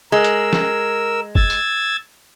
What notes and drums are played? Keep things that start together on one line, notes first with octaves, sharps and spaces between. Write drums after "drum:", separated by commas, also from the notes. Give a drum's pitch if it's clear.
G#3 A#4 E6
drum: hi-hat
drum: snare
E6 G#6 A6, drum: kick
drum: tambourine